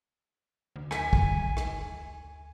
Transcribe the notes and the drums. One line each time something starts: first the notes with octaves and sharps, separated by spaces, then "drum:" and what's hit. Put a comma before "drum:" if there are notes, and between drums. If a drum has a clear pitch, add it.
D2
G#5 B6, drum: rim click
drum: kick
drum: rim click